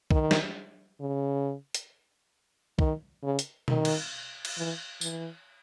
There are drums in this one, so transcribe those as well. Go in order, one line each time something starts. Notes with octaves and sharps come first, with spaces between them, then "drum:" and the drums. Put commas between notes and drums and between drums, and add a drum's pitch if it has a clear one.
D#3, drum: kick
drum: snare
C#3
drum: hi-hat
D#3, drum: kick
C#3
drum: hi-hat
D#3, drum: tom B2
drum: cymbal
drum: cymbal
E3
E3, drum: tambourine